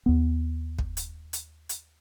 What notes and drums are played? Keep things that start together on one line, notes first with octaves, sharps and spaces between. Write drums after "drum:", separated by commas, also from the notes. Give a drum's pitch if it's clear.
D#2 B3
drum: kick
drum: hi-hat
drum: hi-hat
drum: hi-hat